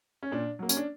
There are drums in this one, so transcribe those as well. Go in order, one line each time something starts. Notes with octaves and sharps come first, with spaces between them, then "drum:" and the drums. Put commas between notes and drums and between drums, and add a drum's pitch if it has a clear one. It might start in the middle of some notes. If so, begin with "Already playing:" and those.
C#4
A#2 D4
F#3 A#3
C#4, drum: tambourine
D4